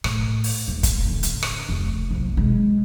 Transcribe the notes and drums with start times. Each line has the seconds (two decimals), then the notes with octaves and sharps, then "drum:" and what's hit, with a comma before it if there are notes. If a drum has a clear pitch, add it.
0.04 A2, drum: rim click
0.44 drum: open hi-hat
0.68 D#1
0.83 drum: kick, hi-hat
1.07 A1 D3
1.23 drum: hi-hat
1.43 drum: rim click
1.69 F1 D2
2.11 F#1 C2
2.37 B2 G#3